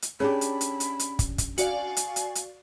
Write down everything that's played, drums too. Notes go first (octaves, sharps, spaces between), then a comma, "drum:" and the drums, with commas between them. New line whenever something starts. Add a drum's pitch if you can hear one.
drum: hi-hat
C#4 D4 G4 G#4 B5
drum: hi-hat
drum: hi-hat
drum: hi-hat
drum: hi-hat
drum: kick, hi-hat
drum: kick, hi-hat
F#4 D5 F5 G#5, drum: hi-hat
drum: hi-hat
drum: hi-hat
drum: hi-hat